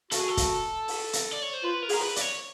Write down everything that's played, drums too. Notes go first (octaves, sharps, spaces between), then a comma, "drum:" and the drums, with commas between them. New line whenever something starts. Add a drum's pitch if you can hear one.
F#4 A4, drum: hi-hat
G#4
A4
drum: kick, hi-hat
drum: open hi-hat
drum: hi-hat
D5
C#5
C5
F4 B4
A#4
G#4, drum: open hi-hat
A#4
B4
D5, drum: hi-hat
C#5